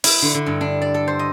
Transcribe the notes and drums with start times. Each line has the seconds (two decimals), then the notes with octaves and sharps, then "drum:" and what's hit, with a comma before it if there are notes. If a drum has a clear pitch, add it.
0.04 E4, drum: open hi-hat
0.22 D3
0.34 D3
0.46 G2
0.61 D4
0.82 D5
0.94 A4
1.08 C5
1.19 D#5